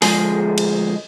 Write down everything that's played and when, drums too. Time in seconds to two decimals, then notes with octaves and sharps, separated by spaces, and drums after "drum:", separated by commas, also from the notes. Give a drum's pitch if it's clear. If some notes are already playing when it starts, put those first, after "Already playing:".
0.02 D2 F3 G#3 G#4, drum: open hi-hat
0.58 drum: cymbal